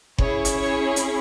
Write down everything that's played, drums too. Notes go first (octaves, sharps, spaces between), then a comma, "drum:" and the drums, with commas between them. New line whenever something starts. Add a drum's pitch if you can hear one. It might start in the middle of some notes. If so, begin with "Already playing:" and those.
C#4 E4 G#4 C#5, drum: kick F#1
drum: hi-hat
C#5
drum: hi-hat